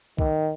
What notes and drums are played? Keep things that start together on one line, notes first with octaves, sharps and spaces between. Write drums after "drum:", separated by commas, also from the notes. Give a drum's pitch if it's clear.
D#3, drum: kick